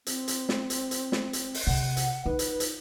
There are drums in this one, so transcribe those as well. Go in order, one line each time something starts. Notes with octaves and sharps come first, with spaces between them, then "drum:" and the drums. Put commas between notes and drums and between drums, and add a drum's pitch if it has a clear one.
C4, drum: hi-hat
drum: hi-hat
drum: snare
drum: hi-hat
drum: hi-hat
drum: snare
drum: hi-hat
drum: open hi-hat
C3 F#5
drum: hi-hat
D#4 B4
drum: hi-hat
drum: hi-hat